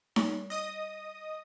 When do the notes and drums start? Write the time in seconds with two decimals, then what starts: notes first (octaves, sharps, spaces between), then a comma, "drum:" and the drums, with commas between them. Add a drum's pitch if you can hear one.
0.16 G3, drum: snare D#4
0.50 D#5 D#6